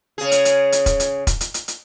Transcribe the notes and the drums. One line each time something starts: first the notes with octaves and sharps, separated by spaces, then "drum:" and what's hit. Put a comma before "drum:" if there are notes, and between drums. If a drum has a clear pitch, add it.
C#3 G#4
drum: hi-hat
drum: hi-hat
drum: hi-hat
drum: kick E1, hi-hat
drum: hi-hat
drum: kick E1, hi-hat
drum: hi-hat
drum: hi-hat
drum: hi-hat